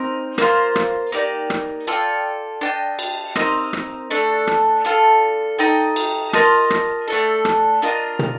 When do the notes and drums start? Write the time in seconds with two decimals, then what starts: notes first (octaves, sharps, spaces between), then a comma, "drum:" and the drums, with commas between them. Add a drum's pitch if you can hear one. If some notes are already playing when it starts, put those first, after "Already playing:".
Already playing: C4 D#4 A#4
0.38 A#3 F4 C5, drum: rim click
0.76 drum: rim click
1.12 A#3 D#4 G4 D5
1.50 drum: rim click
1.87 F4 A4 D5 G5
2.61 D4 A4 D#5 G5
2.99 drum: cymbal
3.36 C4 D#4 A#4 D#5, drum: rim click
3.73 drum: rim click
4.10 A3 D4 A4
4.47 drum: rim click
4.85 D4 F4 A4
5.58 D#4 A4 D#5 G5
5.96 drum: cymbal
6.33 F4 A#4 D#5 A5, drum: rim click
6.70 drum: rim click
7.08 A3 D4 A4
7.45 drum: rim click
7.82 D4 F4 A#4 D#5
8.19 drum: tom